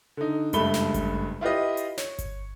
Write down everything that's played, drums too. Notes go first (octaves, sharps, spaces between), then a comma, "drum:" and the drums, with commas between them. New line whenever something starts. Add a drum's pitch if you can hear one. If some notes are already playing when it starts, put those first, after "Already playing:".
D3 D#4
F#1 C#2 G2 A3 B5 G7, drum: hi-hat
drum: snare
drum: kick G1, hi-hat
E4 F4 G4 B4 D#5
drum: hi-hat
C#5, drum: snare
drum: kick G1, hi-hat